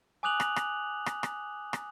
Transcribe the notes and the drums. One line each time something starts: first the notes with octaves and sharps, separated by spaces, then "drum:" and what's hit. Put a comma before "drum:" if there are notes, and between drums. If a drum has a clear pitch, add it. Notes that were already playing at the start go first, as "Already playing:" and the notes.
G#5 D6 D#6 F#6 F7 F#7
drum: rim click
drum: rim click
drum: rim click
drum: rim click
drum: rim click